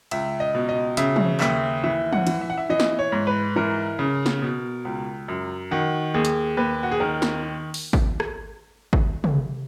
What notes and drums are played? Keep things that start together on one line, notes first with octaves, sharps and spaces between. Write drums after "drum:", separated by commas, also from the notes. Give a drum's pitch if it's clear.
C#2 E5, drum: cymbal
D#5
B2
D#5
C#3 E5, drum: hi-hat
drum: tom
D#2 E5, drum: clap
E3 E5
F#5, drum: tom
E3, drum: cymbal
E5
F#5
E5
E3 D#5
drum: snare
C#5
G#2
B4
E3 A#4
C#3
drum: snare
B2
C#2
F#2
D#3 F#4
D#2 G#4
drum: hi-hat
D#2 B4
F#4
G#4
D#3 A#4
drum: snare
drum: open hi-hat
drum: kick G#1
drum: rim click
drum: kick G#1
drum: tom